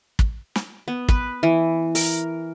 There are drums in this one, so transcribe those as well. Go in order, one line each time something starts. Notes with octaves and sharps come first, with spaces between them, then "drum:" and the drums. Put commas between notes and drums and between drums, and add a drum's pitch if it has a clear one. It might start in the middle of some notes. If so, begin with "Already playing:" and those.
drum: kick
drum: snare
B3
B4, drum: kick
E3
A#4, drum: open hi-hat